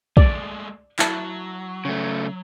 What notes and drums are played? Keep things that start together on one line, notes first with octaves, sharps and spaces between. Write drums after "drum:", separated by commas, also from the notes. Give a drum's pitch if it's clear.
G#3 A3 D5, drum: kick
F#3 E4 A5, drum: clap
C#3 A3